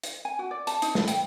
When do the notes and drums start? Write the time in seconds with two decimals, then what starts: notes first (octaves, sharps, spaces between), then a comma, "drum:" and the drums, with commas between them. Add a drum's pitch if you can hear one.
0.03 drum: hi-hat
0.25 G#5
0.39 F#4
0.51 D5
0.67 A5, drum: hi-hat
0.82 D#4, drum: hi-hat
0.95 B4, drum: snare
1.08 G5, drum: hi-hat